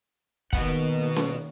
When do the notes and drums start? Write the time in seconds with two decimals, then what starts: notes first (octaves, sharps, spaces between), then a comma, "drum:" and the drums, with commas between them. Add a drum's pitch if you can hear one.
0.53 B2 D#3 A#3 B3 F#5, drum: kick
1.16 drum: snare C#4